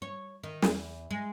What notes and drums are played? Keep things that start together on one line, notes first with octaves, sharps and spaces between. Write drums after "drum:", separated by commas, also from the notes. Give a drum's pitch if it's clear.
C#5
D#3
E2, drum: snare
G#3